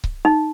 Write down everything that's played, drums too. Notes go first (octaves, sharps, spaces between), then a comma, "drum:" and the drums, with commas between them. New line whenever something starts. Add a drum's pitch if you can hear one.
drum: kick C#1
D#4